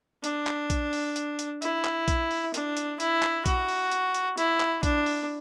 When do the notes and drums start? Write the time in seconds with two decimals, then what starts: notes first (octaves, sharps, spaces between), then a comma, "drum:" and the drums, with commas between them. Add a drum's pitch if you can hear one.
0.24 D4, drum: hi-hat
0.47 drum: clap
0.70 drum: kick A#1, hi-hat
0.93 drum: open hi-hat
1.16 drum: hi-hat
1.39 drum: hi-hat
1.62 E4, drum: hi-hat
1.85 drum: clap
2.08 drum: kick A#1, hi-hat
2.31 drum: open hi-hat
2.54 D4, drum: hi-hat
2.77 drum: hi-hat
3.00 E4, drum: hi-hat
3.23 drum: clap
3.46 F#4, drum: kick A#1, hi-hat
3.68 drum: open hi-hat
3.91 drum: hi-hat
4.14 drum: hi-hat
4.37 E4, drum: hi-hat
4.60 drum: clap
4.83 D4, drum: kick A#1, hi-hat
5.06 drum: open hi-hat